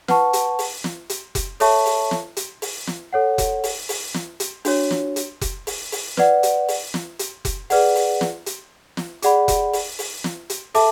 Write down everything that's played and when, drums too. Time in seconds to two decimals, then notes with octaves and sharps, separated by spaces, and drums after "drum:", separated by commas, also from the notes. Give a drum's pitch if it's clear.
0.08 B4 F#5 A5 C#6, drum: snare
0.33 drum: hi-hat
0.59 drum: open hi-hat
0.84 drum: snare
1.09 drum: hi-hat
1.35 drum: kick F1, hi-hat
1.60 A4 C#5 E5 A5 C#6, drum: open hi-hat
1.86 drum: open hi-hat
2.11 drum: snare
2.37 drum: hi-hat
2.62 drum: open hi-hat
2.87 drum: snare
3.13 A4 C#5 F#5
3.38 drum: kick F1, hi-hat
3.64 drum: open hi-hat
3.89 drum: open hi-hat
4.14 drum: snare
4.40 drum: hi-hat
4.65 D4 F#4 C#5, drum: open hi-hat
4.91 drum: snare
5.16 drum: hi-hat
5.41 drum: kick F1, hi-hat
5.67 drum: open hi-hat
5.92 drum: open hi-hat
6.17 B4 D5 F#5, drum: snare
6.43 drum: hi-hat
6.68 drum: open hi-hat
6.94 drum: snare
7.19 drum: hi-hat
7.45 drum: kick F1, hi-hat
7.70 G#4 B4 D5 F#5, drum: open hi-hat
7.95 drum: open hi-hat
8.21 drum: snare
8.46 drum: hi-hat
8.97 drum: snare
9.22 G#4 D5 F#5 B5, drum: hi-hat
9.48 drum: kick F1, hi-hat
9.73 drum: open hi-hat
9.99 drum: open hi-hat
10.24 drum: snare
10.50 drum: hi-hat
10.75 A4 E5 A5 D6, drum: open hi-hat